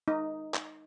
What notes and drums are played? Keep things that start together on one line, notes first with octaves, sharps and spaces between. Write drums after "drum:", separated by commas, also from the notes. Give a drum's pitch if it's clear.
D#4
drum: clap